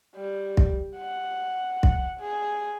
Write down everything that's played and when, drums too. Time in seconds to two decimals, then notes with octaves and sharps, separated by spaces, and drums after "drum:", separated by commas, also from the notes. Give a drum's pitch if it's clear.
0.15 G3
0.57 drum: kick
0.97 F#5
1.83 drum: kick
2.20 G#4